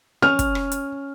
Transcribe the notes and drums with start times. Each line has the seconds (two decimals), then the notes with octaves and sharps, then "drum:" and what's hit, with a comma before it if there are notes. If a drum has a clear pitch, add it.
0.22 C#4 F6
0.39 drum: kick, hi-hat
0.55 drum: rim click
0.72 drum: hi-hat